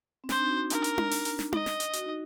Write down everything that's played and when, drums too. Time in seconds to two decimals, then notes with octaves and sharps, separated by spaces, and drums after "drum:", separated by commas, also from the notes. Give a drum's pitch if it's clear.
0.24 C4
0.29 D4 C5, drum: snare
0.39 D#4
0.50 F#4
0.60 D#4
0.70 D4 A#4, drum: hi-hat
0.84 drum: hi-hat
0.98 drum: tom D#4
1.11 drum: open hi-hat
1.25 drum: hi-hat
1.39 drum: snare
1.52 D#5, drum: tom D#4
1.66 drum: snare
1.80 drum: hi-hat
1.93 F#4, drum: hi-hat
2.06 D#4